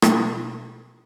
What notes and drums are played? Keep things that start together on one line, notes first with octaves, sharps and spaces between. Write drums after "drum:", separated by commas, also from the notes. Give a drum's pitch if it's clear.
B2, drum: rim click